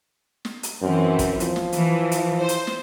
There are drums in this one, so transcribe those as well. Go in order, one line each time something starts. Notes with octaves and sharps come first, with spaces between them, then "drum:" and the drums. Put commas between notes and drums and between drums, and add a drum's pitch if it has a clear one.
drum: snare
drum: hi-hat
F#2 E3 C4
drum: kick, hi-hat
F3, drum: hi-hat
drum: snare
E3, drum: hi-hat
drum: hi-hat
C5
drum: hi-hat
drum: snare